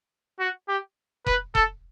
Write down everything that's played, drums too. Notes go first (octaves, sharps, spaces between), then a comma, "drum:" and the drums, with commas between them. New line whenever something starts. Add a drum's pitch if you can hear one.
F#4
G4
B4, drum: kick F1
A4, drum: kick F1